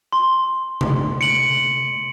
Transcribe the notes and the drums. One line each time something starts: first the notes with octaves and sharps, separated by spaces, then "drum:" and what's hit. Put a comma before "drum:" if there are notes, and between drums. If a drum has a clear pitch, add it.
C6
drum: tom C3
C#7 D7 F#7